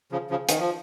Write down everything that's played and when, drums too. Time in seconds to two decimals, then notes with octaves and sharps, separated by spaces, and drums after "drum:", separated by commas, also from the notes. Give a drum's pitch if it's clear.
0.12 C#3 F3
0.30 C#3 F3
0.49 D#3, drum: hi-hat
0.60 F3